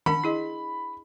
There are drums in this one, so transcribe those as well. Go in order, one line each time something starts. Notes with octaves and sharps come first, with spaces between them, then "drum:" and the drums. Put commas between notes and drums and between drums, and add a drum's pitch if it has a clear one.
D4 A#4 F#5 B5, drum: tom D#3
E4 G#4 D#5